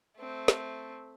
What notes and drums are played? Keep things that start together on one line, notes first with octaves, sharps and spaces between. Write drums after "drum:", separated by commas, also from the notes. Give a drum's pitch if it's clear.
A3 C4
drum: snare